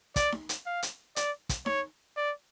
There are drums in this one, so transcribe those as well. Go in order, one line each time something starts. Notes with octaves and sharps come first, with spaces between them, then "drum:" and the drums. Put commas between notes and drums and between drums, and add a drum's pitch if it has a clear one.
D5, drum: kick, hi-hat
drum: snare D#4
drum: hi-hat
F5
drum: hi-hat
D5, drum: hi-hat
drum: kick, hi-hat
C#5, drum: snare D#4
D5